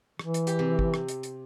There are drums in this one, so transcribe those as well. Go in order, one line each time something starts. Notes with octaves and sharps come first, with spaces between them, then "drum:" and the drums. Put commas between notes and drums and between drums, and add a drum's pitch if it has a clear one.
E3, drum: rim click
drum: hi-hat
G4, drum: hi-hat
C3
drum: kick
drum: rim click
drum: hi-hat
drum: hi-hat